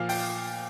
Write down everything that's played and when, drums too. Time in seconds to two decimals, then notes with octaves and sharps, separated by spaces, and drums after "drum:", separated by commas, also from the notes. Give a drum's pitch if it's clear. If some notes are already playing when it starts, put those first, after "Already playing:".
Already playing: A#2 F3 F5
0.09 G5, drum: open hi-hat